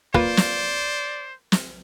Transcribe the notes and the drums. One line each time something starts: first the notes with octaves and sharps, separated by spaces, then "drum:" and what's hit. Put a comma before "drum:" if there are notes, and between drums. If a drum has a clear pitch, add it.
A#3 F4 B4 C5 D5, drum: kick
drum: snare
drum: snare